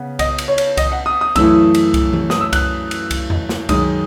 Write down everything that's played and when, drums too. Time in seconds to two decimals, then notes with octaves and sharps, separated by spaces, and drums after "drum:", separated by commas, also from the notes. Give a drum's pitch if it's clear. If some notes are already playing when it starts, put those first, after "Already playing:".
Already playing: C#3 B3
0.19 D#5, drum: kick C2, cymbal
0.38 drum: cymbal
0.48 C#5
0.58 drum: cymbal
0.77 D#5, drum: kick C2, cymbal
0.92 F#5
1.06 D#6
1.21 D#6
1.36 F#2 E3 A3 E4 E6, drum: kick C2, cymbal
1.74 drum: cymbal
1.94 drum: kick C2, cymbal
2.13 drum: tom E3
2.30 D#6, drum: snare
2.41 E6
2.53 F#6, drum: kick C2, cymbal
2.91 drum: cymbal
3.11 drum: kick C2, cymbal
3.30 drum: tom E2
3.49 drum: snare
3.69 F#2 D#3 G#3 D#6, drum: kick C2, cymbal